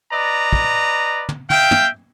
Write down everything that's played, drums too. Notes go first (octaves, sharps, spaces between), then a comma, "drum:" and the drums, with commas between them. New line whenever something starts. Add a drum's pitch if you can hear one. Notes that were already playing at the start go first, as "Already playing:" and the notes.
B4 D5 D#5 A#5
drum: kick
drum: tom
E5 F5 G5, drum: tom
drum: tom